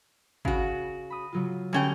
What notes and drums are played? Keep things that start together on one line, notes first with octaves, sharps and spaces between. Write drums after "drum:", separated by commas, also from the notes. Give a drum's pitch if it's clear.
C#3 F#4, drum: kick G#1
B5 D#6
C#3 F#3 F4
D3 G3 A3 C#4 G5 G#6